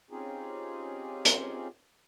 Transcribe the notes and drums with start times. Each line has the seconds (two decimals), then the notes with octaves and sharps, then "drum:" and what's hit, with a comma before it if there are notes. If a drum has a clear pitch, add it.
0.11 C4 C#4 D#4 F4 G4 G#4
1.25 drum: hi-hat